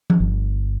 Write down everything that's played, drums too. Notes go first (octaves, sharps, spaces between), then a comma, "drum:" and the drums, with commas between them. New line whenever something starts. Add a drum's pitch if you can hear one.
drum: tom F3
G1